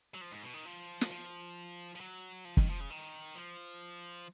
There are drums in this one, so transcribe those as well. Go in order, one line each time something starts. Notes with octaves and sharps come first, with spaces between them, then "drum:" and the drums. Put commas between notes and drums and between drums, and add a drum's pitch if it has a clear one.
F#3
F3
G#2
B2
D#3
F3
drum: snare
F3
F3
F#3
F3
D#3, drum: kick
F3
C#3
D#3
F3